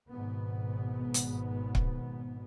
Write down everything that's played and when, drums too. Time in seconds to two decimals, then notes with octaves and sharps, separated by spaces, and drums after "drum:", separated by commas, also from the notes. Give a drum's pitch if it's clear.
0.12 G#1 G#2 B2 B3
1.14 drum: hi-hat
1.75 drum: kick C#1